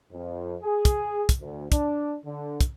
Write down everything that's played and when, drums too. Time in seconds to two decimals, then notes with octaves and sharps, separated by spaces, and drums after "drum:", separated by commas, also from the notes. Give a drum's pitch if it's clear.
0.13 F2
0.63 G#4
0.85 drum: kick, hi-hat
1.29 drum: kick, hi-hat
1.40 D2
1.72 D4, drum: kick, hi-hat
2.25 D3
2.61 drum: kick, hi-hat